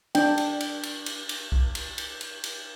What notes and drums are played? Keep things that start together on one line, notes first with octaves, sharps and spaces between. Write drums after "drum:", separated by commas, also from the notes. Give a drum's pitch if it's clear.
D4 G5, drum: cymbal
drum: cymbal
drum: cymbal
drum: cymbal
drum: cymbal
drum: cymbal
drum: kick
drum: cymbal
drum: cymbal
drum: cymbal
drum: cymbal